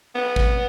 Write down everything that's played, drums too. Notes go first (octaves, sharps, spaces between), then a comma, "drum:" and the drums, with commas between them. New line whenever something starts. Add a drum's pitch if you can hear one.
B3
drum: kick G#1